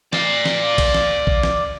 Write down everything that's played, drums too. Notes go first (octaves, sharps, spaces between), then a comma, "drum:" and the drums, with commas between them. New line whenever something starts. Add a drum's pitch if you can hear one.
D5 F5, drum: snare
drum: snare
drum: kick A#1, cymbal
drum: snare
drum: kick A#1
drum: snare